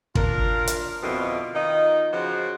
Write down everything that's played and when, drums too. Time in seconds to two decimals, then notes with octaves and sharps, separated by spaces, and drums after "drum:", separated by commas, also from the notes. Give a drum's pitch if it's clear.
0.15 D4 F4 A#4, drum: kick
0.67 drum: hi-hat
1.03 F2 B2 D3 E4 F4
1.55 D#3 D#4 F4 D#5
2.12 C#3 F3 F#4 C5